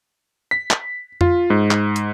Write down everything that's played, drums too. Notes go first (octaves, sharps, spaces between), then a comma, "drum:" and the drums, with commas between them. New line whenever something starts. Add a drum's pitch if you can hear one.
B6
drum: clap
F4, drum: tom F2
G#2
drum: clap
drum: hi-hat